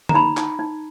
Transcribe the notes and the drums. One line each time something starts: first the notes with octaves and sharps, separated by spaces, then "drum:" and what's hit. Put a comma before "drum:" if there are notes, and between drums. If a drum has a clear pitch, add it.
A#5, drum: tom
D#4 B5
D#4, drum: clap
D#4